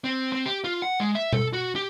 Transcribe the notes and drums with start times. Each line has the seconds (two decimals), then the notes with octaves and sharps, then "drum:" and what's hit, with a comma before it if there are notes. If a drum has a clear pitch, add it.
0.04 C4
0.32 C4
0.46 G4
0.64 F4
0.82 F#5
1.00 G#3
1.15 E5
1.33 A4, drum: tom B2
1.53 F#4
1.76 G4